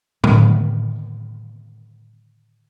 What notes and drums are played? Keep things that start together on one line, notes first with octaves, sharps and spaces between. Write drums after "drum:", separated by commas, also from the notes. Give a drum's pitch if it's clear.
A2 D3 D#3 B3, drum: tom A2